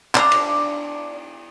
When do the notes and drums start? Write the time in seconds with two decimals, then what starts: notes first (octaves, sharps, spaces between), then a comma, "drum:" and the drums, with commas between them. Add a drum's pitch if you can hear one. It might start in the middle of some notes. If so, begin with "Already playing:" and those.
0.15 D4 A#5, drum: clap
0.32 drum: cymbal